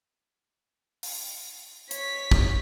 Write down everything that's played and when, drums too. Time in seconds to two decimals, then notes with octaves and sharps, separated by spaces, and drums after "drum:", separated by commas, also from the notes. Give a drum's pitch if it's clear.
1.03 drum: open hi-hat
1.91 C#5 B6, drum: hi-hat
2.31 drum: kick